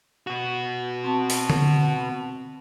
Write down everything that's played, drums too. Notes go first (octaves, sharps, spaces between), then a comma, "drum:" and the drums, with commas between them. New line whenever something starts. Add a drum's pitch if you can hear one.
B2 F#4
C4 A5
drum: open hi-hat
drum: tom D3